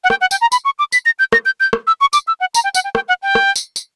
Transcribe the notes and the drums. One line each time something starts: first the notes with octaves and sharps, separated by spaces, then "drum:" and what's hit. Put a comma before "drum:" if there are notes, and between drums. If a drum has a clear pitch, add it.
F#5
G5, drum: rim click
F#5
G5, drum: tambourine
A#5
B5, drum: tambourine
C#6
D6
B6, drum: tambourine
A#6
G6
A#6, drum: rim click
G6
G6
drum: rim click
E6
C#6
D6, drum: tambourine
E6
F#5
A#5, drum: tambourine
G5
F#5, drum: tambourine
G5
G5, drum: rim click
F#5
G5
drum: rim click
drum: tambourine
drum: tambourine